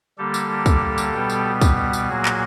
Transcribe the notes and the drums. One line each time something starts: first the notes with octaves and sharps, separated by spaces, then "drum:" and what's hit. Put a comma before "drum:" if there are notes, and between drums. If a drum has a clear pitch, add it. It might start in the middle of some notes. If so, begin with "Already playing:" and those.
D3 G3 A#3 G4 A4
drum: tambourine
drum: kick, tambourine
drum: tambourine
B2 G3 B3
drum: tambourine
drum: kick, tambourine
drum: tambourine
A#2 F#3 A#3 F#4 G#4
drum: clap